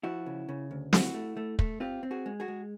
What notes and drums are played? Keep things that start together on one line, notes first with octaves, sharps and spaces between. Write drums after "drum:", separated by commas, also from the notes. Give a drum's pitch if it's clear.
F3 E4 F#4
C#3
C#3
D2
A3 E4 F#4, drum: snare
A3
A3
A3, drum: kick
C4 F4 G4
C4
F#4 G#4
G#3
F#4 G#4
G#3